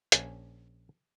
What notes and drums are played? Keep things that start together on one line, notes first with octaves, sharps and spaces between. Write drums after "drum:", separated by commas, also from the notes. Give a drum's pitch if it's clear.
A#1 C#4 G#5, drum: hi-hat